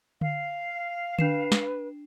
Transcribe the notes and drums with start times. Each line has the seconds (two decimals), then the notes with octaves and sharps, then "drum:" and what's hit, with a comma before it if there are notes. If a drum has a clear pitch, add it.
0.21 F5, drum: tom D3
1.19 D4 B4 C7 E7, drum: tom D3
1.52 drum: snare